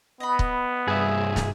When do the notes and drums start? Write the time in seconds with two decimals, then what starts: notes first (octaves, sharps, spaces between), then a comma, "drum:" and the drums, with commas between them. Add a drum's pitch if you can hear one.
0.20 B3 D#5 B5
0.39 drum: kick
0.88 C2 G2 G#4 E5
1.36 drum: snare